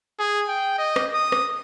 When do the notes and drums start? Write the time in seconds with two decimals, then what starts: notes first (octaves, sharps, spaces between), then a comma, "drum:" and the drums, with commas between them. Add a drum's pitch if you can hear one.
0.19 G#4
0.48 G5
0.78 D#5
0.96 drum: rim click
1.14 D#6
1.32 drum: rim click